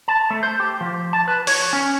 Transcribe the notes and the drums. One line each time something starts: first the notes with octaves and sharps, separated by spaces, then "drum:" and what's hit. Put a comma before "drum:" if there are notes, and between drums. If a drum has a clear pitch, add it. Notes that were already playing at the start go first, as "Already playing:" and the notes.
A5
A3
C5
G4
F3
A5
B4
C#5, drum: open hi-hat
C#4